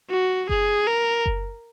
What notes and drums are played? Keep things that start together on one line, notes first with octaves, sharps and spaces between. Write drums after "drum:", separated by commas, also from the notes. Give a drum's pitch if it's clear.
F#4
G#4, drum: kick F#1
A#4
drum: kick F#1